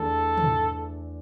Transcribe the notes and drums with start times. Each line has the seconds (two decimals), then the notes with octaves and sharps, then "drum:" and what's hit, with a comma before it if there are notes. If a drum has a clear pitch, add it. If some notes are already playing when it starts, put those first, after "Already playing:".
Already playing: E2 E3 A3 D4 A4
0.38 drum: tom